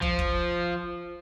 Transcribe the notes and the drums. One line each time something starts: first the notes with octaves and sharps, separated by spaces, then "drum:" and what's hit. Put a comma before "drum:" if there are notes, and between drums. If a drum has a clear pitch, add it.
F3, drum: kick
drum: kick